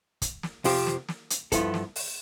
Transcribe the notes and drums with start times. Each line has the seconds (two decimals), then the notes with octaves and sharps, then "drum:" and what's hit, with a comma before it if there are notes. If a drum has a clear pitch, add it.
0.22 drum: kick, hi-hat
0.43 drum: snare
0.64 F2 C3 F3 C4 G4, drum: open hi-hat
0.87 drum: snare
1.09 drum: snare
1.30 drum: hi-hat
1.52 G2 F3 B3 E4 A4, drum: kick, hi-hat
1.74 drum: snare
1.96 drum: open hi-hat